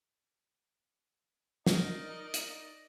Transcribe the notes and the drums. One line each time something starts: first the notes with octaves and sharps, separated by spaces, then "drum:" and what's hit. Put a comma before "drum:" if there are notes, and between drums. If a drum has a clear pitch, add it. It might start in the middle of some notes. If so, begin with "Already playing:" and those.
D#4 A#4 D5 D#5, drum: snare
drum: hi-hat